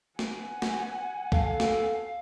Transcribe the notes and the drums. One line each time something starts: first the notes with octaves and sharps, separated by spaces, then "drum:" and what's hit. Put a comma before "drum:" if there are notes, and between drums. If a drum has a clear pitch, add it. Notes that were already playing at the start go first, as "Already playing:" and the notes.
F#5 G#5, drum: snare
drum: snare
A4 F5, drum: kick
drum: snare